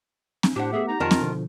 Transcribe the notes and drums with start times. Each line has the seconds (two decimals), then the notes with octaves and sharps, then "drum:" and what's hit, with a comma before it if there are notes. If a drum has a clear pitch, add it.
0.43 drum: snare C4
0.56 A2 D4 G4 C5 F#5
0.73 A3 B3 G#4 E5
0.88 D#4 A#5
1.00 F2 D#3 F3 F4 A#4 A5
1.11 drum: snare C4
1.21 B2 D3 F3